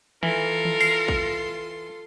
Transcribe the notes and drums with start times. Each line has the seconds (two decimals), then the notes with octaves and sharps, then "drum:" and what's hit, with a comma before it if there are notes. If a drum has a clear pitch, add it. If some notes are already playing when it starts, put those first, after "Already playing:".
0.23 E3 F4 A4 A#4 C6, drum: tom D#3
0.65 drum: tom D#3
0.81 C7, drum: open hi-hat
1.08 drum: kick